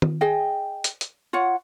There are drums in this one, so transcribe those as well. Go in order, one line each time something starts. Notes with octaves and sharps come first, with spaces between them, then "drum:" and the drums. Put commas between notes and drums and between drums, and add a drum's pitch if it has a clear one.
drum: tom D#3
G#4 D#5 G5
drum: hi-hat
drum: hi-hat
F4 C#5 F#5